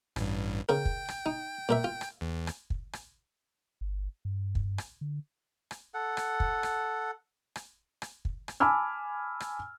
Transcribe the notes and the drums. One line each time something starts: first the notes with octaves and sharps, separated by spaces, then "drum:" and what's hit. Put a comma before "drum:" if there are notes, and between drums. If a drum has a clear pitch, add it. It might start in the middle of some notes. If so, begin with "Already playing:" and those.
A1 G2, drum: rim click
C#3 A#4 G5
drum: kick
drum: rim click
D#4
A#2 A#4 E5
F4
drum: rim click
E2
drum: rim click
drum: kick
drum: rim click
G1
G2
drum: kick
drum: rim click
D3
drum: rim click
A4 F#5
drum: rim click
drum: kick
drum: rim click
drum: rim click
drum: rim click
drum: kick
drum: rim click
G#5 A5 B5 D6 E6 F6
drum: rim click